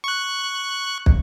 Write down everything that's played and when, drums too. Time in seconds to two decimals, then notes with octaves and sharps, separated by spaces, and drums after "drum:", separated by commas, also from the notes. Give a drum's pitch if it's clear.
0.04 C#6 F#6
1.06 drum: kick